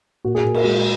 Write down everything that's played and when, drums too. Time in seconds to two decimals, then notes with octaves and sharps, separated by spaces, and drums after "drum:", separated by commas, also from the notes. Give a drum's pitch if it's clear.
0.24 A#2 F#4
0.35 G#4
0.45 A#2
0.54 A#4, drum: cymbal
0.64 G#3 F#4